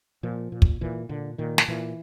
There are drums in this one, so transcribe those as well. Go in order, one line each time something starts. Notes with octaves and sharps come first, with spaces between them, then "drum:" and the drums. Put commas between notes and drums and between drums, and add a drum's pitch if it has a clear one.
A#2 F3
A#2
drum: kick
A#2 E3
A#2 D3
A#2 D#3
drum: snare
A#2 E3